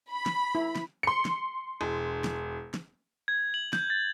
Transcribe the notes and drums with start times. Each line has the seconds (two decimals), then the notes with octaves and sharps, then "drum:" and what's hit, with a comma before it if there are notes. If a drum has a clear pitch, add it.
0.11 B5
0.26 drum: snare
0.55 E4
0.76 drum: snare
1.03 C6 C#7
1.25 drum: snare
1.81 E1
2.24 drum: snare
2.74 drum: snare
3.28 G#6
3.54 F#7
3.73 G6, drum: snare
3.90 A6